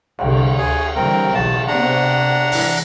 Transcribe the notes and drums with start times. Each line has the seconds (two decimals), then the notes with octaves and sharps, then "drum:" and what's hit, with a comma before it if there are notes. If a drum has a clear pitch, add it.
0.19 C2 D3, drum: cymbal
0.58 D2 G#4
0.96 D3 E3 G3 C4 A#4
1.35 F#1 B1 E3 A5, drum: cymbal
1.68 C3 B3 C4 D4 F#5 A#5
2.52 E3 G#3, drum: open hi-hat